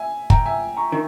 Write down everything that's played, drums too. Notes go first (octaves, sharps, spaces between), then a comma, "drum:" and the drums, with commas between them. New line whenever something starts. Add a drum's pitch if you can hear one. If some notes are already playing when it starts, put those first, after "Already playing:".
Already playing: E5 G#5
G5 A#5, drum: kick
E5 G#5
A#5 C#6
D#3